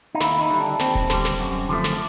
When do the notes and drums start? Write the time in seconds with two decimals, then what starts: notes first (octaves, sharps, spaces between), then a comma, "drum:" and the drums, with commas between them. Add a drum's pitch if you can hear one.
0.15 D#4
0.20 D#2 E4, drum: snare
0.41 D#4
0.50 D3 G3
0.60 D4
0.79 D#2 C4, drum: snare
0.95 drum: kick D#1
1.10 D3 G3, drum: snare
1.25 drum: snare
1.40 F#2
1.69 D3 F3 A3
1.84 drum: snare